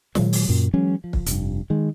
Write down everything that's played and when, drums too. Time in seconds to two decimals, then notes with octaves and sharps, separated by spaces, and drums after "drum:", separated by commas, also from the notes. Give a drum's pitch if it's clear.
0.15 A#2 D#3 F#3 G#3, drum: snare
0.33 drum: open hi-hat
0.49 F#2 A#2
0.73 E3 F#3 G#3 C#4
1.04 F3
1.13 drum: kick
1.26 F1 G2, drum: hi-hat
1.70 D#3 G#3